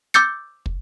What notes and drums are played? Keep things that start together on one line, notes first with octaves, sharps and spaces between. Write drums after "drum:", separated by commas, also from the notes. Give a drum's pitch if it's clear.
D6 E6 G6 A6 C#7
drum: kick